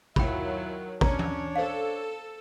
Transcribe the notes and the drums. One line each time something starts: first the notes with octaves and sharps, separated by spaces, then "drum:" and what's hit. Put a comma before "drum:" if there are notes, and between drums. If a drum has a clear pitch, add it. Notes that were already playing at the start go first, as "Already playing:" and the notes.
D#3 F#3 E4 F4 G5 B5, drum: kick
C#4 D4 C#5 A#5, drum: kick
drum: tom E3
A4 C5 F5